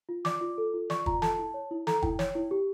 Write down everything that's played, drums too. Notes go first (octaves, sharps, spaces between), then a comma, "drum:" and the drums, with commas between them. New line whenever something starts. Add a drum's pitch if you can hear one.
F4
D5 D6, drum: snare
F4
A4
F4
D5 C#6, drum: snare
F4 A#5, drum: kick
A4 A5, drum: snare
E4
C#5
E4
A4 A#5, drum: snare
E4 G5, drum: kick
C#5, drum: snare
E4
G4